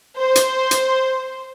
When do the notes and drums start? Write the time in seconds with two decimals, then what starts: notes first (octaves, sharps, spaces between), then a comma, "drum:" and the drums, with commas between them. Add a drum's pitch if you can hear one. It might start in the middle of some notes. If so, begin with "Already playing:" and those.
0.18 C5
0.35 drum: hi-hat
0.71 drum: hi-hat